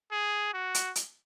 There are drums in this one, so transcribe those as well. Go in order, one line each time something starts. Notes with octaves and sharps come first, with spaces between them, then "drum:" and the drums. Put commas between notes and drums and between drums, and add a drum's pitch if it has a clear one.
G#4
F#4
drum: hi-hat
drum: hi-hat